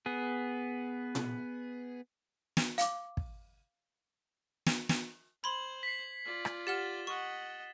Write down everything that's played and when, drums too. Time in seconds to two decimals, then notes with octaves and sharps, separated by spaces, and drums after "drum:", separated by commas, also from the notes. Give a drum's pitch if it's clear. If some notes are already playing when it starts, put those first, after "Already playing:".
0.06 B3 G#4
1.15 drum: tom A#2
2.57 drum: snare
2.78 F5 D6, drum: hi-hat
3.17 drum: kick
4.66 drum: snare
4.89 drum: snare
5.44 C5 B5 C6 G#6 F#7
5.83 B6 C7
6.25 F4 D5
6.45 drum: rim click
6.67 G4 F#5 F6 A6 E7 G7
7.07 D#5 F#5 C#6